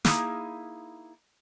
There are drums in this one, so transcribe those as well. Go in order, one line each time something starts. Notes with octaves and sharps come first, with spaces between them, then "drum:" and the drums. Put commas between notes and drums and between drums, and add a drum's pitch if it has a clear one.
A#3 D#4 E4 G#4, drum: snare